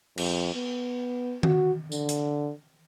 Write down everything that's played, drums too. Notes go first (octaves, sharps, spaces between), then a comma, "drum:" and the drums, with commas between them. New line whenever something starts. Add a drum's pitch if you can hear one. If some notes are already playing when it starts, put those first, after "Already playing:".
F2, drum: cymbal
B3
F#4, drum: tom D#3
D3, drum: tambourine
drum: hi-hat